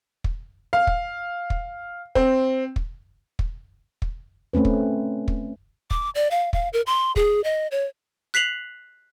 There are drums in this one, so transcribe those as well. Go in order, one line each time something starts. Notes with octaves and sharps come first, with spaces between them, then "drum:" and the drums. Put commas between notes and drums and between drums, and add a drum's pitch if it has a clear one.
drum: kick
F5
drum: kick
drum: kick
C4, drum: kick
drum: kick
drum: kick
drum: kick
A3 C4 C#4 B4
drum: kick
drum: kick
D6, drum: kick
D5
F5
F5, drum: kick
A#4
C6
G#4, drum: kick
D#5
C#5
F#6 B6 C7 F7 F#7